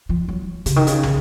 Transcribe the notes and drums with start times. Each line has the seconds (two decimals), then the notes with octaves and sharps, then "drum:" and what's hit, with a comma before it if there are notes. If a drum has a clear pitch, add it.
0.09 F3
0.29 F#3
0.66 C#3, drum: hi-hat
0.76 D#3
0.87 C#3, drum: hi-hat
1.03 drum: tom